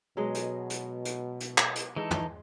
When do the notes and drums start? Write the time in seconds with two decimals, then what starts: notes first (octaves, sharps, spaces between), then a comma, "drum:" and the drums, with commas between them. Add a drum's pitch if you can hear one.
0.17 B2 F#3 G#3 D#5
0.34 drum: hi-hat
0.70 drum: hi-hat
1.05 drum: hi-hat
1.40 drum: hi-hat
1.58 drum: clap
1.75 drum: hi-hat
1.96 E3 G#3 D#4 A4
2.11 drum: tom